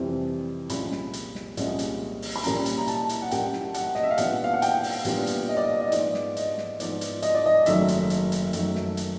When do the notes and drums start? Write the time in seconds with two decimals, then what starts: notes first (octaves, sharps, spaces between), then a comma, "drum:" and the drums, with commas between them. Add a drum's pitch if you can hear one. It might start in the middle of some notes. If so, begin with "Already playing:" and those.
Already playing: F2 C3 E3 G3 C4
0.70 C2 A#2 F3 G#3 C#4 B5, drum: hi-hat
0.92 drum: snare
1.13 drum: hi-hat
1.35 drum: snare
1.57 C2 A#2 F3 G#3 C#4, drum: hi-hat
1.79 drum: hi-hat
2.22 drum: open hi-hat
2.36 B5
2.44 A#2 G3 A#3 C#4 A#5, drum: hi-hat
2.66 drum: hi-hat
2.78 A#5
2.88 A5, drum: hi-hat
3.09 drum: hi-hat
3.22 F#5
3.31 A#2 G3 A#3 C#4 G5, drum: hi-hat
3.53 drum: snare
3.74 F#5, drum: hi-hat
3.95 D#5, drum: snare
4.03 E5
4.11 F5
4.18 A#2 G3 B3 D4 F4 F#5, drum: hi-hat
4.44 F5
4.53 F#5
4.62 G5, drum: hi-hat
4.84 drum: open hi-hat
5.05 A#2 G3 B3 D4 F4, drum: hi-hat
5.27 drum: hi-hat
5.49 D#5
5.57 D5
5.65 D#5
5.81 D#5
5.92 G#2 F3 G#3 B3 D5, drum: hi-hat
6.14 drum: snare
6.37 D#5, drum: hi-hat
6.58 drum: snare
6.80 G#2 F3 G#3 B3 D5, drum: hi-hat
7.01 drum: hi-hat
7.22 D#5, drum: hi-hat
7.35 D5
7.46 D#5
7.66 F#1 F#2 D#3 F#3 A3 E5, drum: hi-hat
7.88 drum: hi-hat
8.10 drum: hi-hat
8.32 drum: hi-hat
8.53 F#1 F#2 D#3 F#3 A3, drum: hi-hat
8.75 drum: snare
8.97 drum: hi-hat